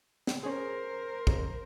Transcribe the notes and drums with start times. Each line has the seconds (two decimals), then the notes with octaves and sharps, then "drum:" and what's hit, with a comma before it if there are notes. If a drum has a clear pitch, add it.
0.27 drum: snare
0.43 C#4 G#4 A#4 C5
1.27 F2 C#3, drum: kick